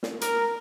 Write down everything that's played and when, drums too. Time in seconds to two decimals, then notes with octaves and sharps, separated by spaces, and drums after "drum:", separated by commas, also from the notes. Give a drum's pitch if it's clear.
0.03 drum: snare
0.21 A#4, drum: hi-hat